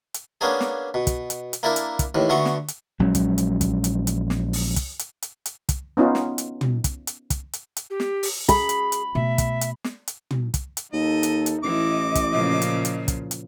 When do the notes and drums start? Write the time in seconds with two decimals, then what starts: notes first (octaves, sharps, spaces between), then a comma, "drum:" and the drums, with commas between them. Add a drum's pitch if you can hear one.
0.14 drum: hi-hat
0.41 A#3 B3 C#4 D4 G#4
0.61 drum: snare
0.94 B2
1.07 drum: kick, hi-hat
1.30 drum: hi-hat
1.53 drum: hi-hat
1.63 A#3 D4 E4 A4 A#4
1.76 drum: hi-hat
1.99 drum: kick, hi-hat
2.15 D#2 A2 E3
2.29 D3 A3 B3 F#4 C6 C#6
2.45 drum: snare
2.68 drum: hi-hat
2.99 A#1 F#3 G#3 C#4
3.15 drum: kick, hi-hat
3.38 drum: hi-hat
3.61 drum: kick, hi-hat
3.84 drum: hi-hat
4.07 drum: hi-hat
4.30 drum: snare
4.53 drum: open hi-hat
4.76 drum: kick, hi-hat
4.99 drum: hi-hat
5.22 drum: hi-hat
5.46 drum: hi-hat
5.69 drum: kick, hi-hat
5.97 B3 C#4 D#4 F4
6.15 drum: snare
6.38 drum: hi-hat
6.61 drum: tom
6.84 drum: kick, hi-hat
7.07 drum: hi-hat
7.30 drum: kick, hi-hat
7.53 drum: hi-hat
7.77 drum: hi-hat
7.90 G4
8.00 drum: snare
8.23 drum: open hi-hat
8.49 G#4 B5, drum: kick, hi-hat
8.69 drum: hi-hat
8.92 drum: hi-hat
9.15 B2 A3 E5
9.38 drum: kick, hi-hat
9.61 drum: hi-hat
9.84 drum: snare
10.07 drum: hi-hat
10.31 drum: tom
10.54 drum: kick, hi-hat
10.77 drum: hi-hat
10.93 D#2 D#4 A4 D#5
11.23 drum: hi-hat
11.46 drum: hi-hat
11.64 A1 E3 D#5 D6
12.15 drum: kick, hi-hat
12.32 A#2 C#3 F3
12.62 drum: hi-hat
12.85 drum: hi-hat
13.08 drum: kick, hi-hat
13.31 drum: hi-hat